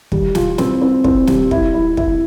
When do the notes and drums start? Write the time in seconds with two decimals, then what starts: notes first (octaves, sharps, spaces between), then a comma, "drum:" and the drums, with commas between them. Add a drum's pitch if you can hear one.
0.12 G3, drum: kick
0.35 F4, drum: snare
0.58 C4, drum: snare
0.81 C4
1.04 C4, drum: kick
1.27 G3, drum: snare
1.51 E4, drum: kick
1.74 E4
1.97 E4, drum: kick